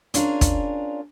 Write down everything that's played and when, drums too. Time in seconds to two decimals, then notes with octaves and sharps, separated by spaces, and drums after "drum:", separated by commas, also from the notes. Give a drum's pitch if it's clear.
0.14 C#4 D4 F4 G#4 A#4, drum: hi-hat
0.41 drum: kick, hi-hat